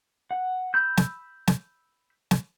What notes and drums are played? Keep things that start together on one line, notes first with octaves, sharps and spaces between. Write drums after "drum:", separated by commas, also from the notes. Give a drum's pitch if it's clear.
F#5
B5 E6 G6
drum: snare
drum: snare
drum: snare